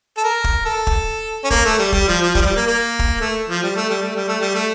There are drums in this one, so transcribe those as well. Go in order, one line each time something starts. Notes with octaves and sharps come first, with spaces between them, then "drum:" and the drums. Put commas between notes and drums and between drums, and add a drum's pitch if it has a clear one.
A4
A#4
drum: kick
A4
drum: kick
C#4
A#3, drum: kick
A3
G3
G3, drum: kick
F3
F3
G3, drum: kick
F3
G3
A#3
A#3
drum: kick
A3
F3
G3
A3
G3
A3
G3
A3
G3
A3